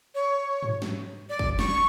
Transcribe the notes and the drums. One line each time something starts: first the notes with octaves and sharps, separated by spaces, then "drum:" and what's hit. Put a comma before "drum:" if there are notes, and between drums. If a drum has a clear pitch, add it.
C#5
drum: tom G#2
drum: snare
D5
drum: kick
C#6, drum: snare